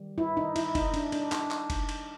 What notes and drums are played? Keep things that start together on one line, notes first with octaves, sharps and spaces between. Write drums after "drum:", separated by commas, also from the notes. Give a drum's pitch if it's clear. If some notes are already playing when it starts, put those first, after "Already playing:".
Already playing: D#3 G3
E4
D#4
E4, drum: cymbal
D#4, drum: kick, cymbal
D4, drum: cymbal
D4, drum: cymbal
D#4, drum: clap
drum: clap
drum: kick, cymbal
drum: cymbal